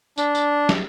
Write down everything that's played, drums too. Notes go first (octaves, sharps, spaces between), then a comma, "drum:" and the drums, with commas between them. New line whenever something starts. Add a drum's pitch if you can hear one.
D4, drum: tambourine
drum: tambourine
drum: snare